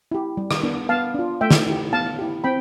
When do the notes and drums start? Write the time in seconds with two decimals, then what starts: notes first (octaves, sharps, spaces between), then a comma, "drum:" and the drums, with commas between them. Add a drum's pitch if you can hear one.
0.12 E4 G4
0.37 G3
0.51 drum: rim click
0.63 B3 D4
0.89 B3 F5 A5
1.14 D4 F4
1.41 A3 E5 G5
1.51 drum: snare
1.67 E4 G4
1.93 B3 F5 A5
2.19 E4 G4
2.44 C4 G5 B5